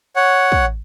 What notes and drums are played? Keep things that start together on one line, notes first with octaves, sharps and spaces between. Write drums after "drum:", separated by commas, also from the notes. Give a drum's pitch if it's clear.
C#5 F#5
drum: kick